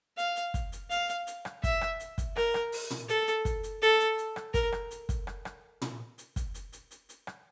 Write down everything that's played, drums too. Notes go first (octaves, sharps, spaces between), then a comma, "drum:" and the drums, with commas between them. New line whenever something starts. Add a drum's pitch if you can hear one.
F5, drum: hi-hat
drum: hi-hat
drum: kick, hi-hat
drum: hi-hat
F5, drum: hi-hat
drum: hi-hat
drum: hi-hat
drum: rim click
E5, drum: kick, hi-hat
drum: rim click
drum: hi-hat
drum: kick, hi-hat
A#4, drum: rim click
drum: rim click
drum: open hi-hat
drum: tom
A4, drum: hi-hat
drum: hi-hat
drum: kick, hi-hat
drum: hi-hat
A4, drum: hi-hat
drum: hi-hat
drum: hi-hat
drum: rim click
A#4, drum: kick, hi-hat
drum: rim click
drum: hi-hat
drum: kick, hi-hat
drum: rim click
drum: rim click
drum: tom
drum: hi-hat
drum: kick, hi-hat
drum: hi-hat
drum: hi-hat
drum: hi-hat
drum: hi-hat
drum: rim click